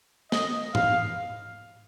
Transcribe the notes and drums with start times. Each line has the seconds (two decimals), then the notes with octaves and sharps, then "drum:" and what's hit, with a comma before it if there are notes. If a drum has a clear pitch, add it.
0.32 D#5, drum: snare
0.75 F5, drum: tom G#2